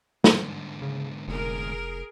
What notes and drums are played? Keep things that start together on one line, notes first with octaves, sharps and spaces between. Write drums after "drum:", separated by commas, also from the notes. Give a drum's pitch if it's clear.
G#2 D3, drum: snare
C#3
F1 G#4 A#4